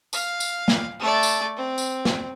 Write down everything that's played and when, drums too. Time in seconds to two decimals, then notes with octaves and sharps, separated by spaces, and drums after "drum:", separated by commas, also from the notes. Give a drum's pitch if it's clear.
0.13 F5, drum: tambourine
0.40 drum: tambourine
0.68 drum: snare
1.00 A3 D5
1.23 drum: tambourine
1.57 C4
1.78 drum: tambourine
2.05 drum: snare